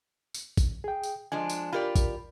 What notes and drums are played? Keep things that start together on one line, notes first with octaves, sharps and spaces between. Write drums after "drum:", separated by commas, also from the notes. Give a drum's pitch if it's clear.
drum: tambourine
drum: kick A1, tambourine
G#4 G5
drum: tambourine
F3 G#3 D4 G#5
drum: tambourine
F4 G4 A#4 D5 B5
drum: kick A1, tambourine